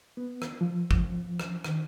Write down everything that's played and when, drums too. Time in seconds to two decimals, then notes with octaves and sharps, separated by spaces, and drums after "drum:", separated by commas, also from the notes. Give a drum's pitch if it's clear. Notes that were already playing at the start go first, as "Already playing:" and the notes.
0.17 B3
0.42 drum: rim click
0.61 F3
0.91 drum: kick
1.40 drum: rim click
1.64 D#3, drum: rim click